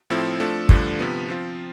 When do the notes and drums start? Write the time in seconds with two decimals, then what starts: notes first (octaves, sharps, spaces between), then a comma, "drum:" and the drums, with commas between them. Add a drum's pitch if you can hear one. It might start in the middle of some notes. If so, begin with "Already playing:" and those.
0.10 A2 F3 C4 E4 A4
0.40 F3 A3 D4 A4
0.69 G2 D3 F3 A3 D4, drum: kick
0.99 C3 F3 B3
1.29 F3 C4 F4